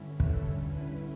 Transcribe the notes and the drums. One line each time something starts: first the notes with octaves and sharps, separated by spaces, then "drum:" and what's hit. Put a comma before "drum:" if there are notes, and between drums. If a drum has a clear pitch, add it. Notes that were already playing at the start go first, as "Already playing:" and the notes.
Already playing: G2 D3 G3 C#4 E4
A4, drum: kick
B4